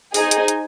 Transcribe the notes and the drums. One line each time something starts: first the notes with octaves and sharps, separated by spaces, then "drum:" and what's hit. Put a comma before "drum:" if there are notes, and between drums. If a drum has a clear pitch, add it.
D#4 G#4 C5 D#5 G#5, drum: open hi-hat
drum: hi-hat
drum: hi-hat